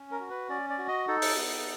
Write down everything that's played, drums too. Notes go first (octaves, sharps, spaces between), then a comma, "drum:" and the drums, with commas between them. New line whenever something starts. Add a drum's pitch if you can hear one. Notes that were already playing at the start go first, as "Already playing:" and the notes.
Already playing: C#4
A#4
F#4
B4
C#4 D5
D5
F#4
D#5
D#4 A4
drum: open hi-hat
B3